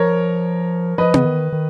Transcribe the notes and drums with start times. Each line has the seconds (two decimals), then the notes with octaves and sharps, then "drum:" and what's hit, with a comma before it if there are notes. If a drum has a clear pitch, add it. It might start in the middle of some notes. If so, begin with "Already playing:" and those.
Already playing: F3 A#4 C#5
0.98 F3 B4 D#5
1.14 C#3, drum: tom B3
1.25 D#3
1.52 D#3